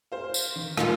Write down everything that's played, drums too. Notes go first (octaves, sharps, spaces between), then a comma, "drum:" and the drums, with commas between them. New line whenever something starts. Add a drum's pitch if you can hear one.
C5 F5
drum: tambourine
D#3
A#3 D#4 F4, drum: rim click